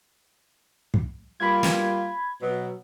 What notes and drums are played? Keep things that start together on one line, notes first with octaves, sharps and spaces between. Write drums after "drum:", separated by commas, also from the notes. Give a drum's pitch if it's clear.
drum: kick
G3 A#3 F4 B5 G#6
drum: snare
B2 F#3